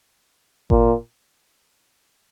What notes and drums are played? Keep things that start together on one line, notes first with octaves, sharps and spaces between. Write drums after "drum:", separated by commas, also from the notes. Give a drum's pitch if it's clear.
A#2, drum: kick G#1